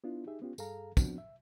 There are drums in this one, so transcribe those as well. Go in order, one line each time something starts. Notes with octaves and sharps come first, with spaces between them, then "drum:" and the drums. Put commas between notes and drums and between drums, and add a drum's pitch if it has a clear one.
B3 D4 E4 F4
D#4 G4 G#4 E5
B3 C#4 F4 G4
G2 G#4 A4 F5 A#5, drum: tambourine
F3 B3 C4 D4 F#4, drum: kick, tambourine
E5